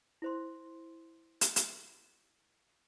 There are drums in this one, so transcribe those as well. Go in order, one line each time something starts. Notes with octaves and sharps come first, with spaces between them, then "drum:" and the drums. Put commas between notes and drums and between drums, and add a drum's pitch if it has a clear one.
E4 C5 C6
drum: hi-hat
drum: hi-hat